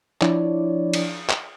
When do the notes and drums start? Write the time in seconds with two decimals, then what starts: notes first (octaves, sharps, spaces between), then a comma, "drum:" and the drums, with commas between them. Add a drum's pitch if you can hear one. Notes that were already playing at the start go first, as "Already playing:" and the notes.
0.21 F3 D4 E4 C#5 D5, drum: clap
0.93 drum: cymbal
1.29 drum: clap